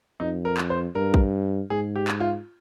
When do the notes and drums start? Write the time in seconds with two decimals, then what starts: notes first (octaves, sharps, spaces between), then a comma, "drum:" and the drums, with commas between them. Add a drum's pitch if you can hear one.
0.20 F2 D#4
0.45 A#4
0.57 drum: clap
0.70 C5
0.95 G2 A#4
1.14 drum: kick
1.70 G#2 G#4
1.96 G4
2.08 drum: clap
2.20 F4